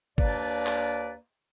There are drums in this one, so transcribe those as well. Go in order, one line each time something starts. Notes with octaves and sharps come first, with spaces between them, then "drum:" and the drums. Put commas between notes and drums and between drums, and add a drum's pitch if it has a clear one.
D#2 A#3 D4 B4 D5, drum: kick
drum: clap